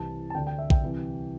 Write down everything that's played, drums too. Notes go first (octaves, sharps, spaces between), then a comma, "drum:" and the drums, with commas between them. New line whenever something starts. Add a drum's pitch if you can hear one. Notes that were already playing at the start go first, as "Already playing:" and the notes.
Already playing: C2 C3 E3 A5
A5
D2 D3 G5
G5
E5
G5, drum: kick
C2 C3 E3